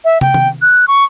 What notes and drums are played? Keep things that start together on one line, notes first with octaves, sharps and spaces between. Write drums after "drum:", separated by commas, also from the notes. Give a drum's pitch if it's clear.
E5
G5, drum: tom
drum: tom
F#6
C#6